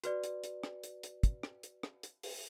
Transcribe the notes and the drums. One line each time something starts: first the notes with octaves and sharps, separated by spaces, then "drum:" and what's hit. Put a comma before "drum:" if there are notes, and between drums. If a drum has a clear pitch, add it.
F#4 B4 D5, drum: hi-hat
drum: hi-hat
drum: hi-hat
drum: rim click
drum: hi-hat
drum: hi-hat
drum: kick, hi-hat
drum: rim click
drum: hi-hat
drum: rim click
drum: hi-hat
drum: open hi-hat